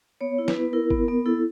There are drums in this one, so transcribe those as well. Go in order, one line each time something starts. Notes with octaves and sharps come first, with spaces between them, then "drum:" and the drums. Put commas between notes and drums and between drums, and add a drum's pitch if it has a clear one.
B3 C#5
E4
B4, drum: snare
B3
E4 A#4
B3, drum: kick
B3
E4 A4